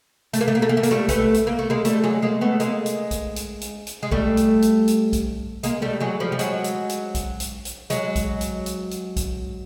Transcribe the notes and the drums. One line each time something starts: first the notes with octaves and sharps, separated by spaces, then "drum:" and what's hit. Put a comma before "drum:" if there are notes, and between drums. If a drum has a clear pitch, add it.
A3, drum: hi-hat
A#3
A3
A#3
A3
A#3
A3
A#3, drum: hi-hat
G3 A3
A3 B3, drum: kick B1, hi-hat
drum: hi-hat
A#3
A3
G#3 A#3
G3 A3, drum: hi-hat
F#3 G#3
G#3 A#3
A3 B3
G#3 A#3, drum: hi-hat
drum: hi-hat
drum: kick B1, hi-hat
drum: hi-hat
drum: hi-hat
drum: hi-hat
G#3
G3 A3, drum: kick B1
drum: hi-hat
drum: hi-hat
drum: hi-hat
drum: kick B1, hi-hat
G#3 A#3, drum: hi-hat
G3 A3
F#3 G#3
F3 G3
G3
F#3 G#3, drum: hi-hat
drum: hi-hat
drum: hi-hat
drum: kick B1, hi-hat
drum: hi-hat
drum: hi-hat
F#3 G#3, drum: hi-hat
drum: kick B1, hi-hat
drum: hi-hat
drum: hi-hat
drum: hi-hat
drum: kick B1, hi-hat